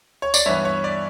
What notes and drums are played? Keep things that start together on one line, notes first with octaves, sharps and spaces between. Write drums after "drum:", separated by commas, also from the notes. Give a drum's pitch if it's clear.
C#5
D5, drum: tambourine
G2 E3 B3 C#5 E5
C#5
D5